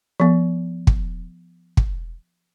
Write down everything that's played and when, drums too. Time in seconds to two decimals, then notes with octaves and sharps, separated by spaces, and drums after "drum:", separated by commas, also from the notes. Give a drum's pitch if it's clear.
0.20 F3 B3
0.87 drum: kick
1.77 drum: kick